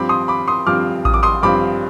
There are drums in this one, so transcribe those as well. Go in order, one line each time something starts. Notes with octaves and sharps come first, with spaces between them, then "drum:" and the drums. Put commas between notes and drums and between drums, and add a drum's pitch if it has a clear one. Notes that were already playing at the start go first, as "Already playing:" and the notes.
Already playing: G2 F3 C4 B5 D6
C6 D#6
B5 D6
C6 D#6
G2 F3 C4 D6 F6
D#6, drum: kick A1
D6
C6 D#6
G2 F3 C4 B5 D6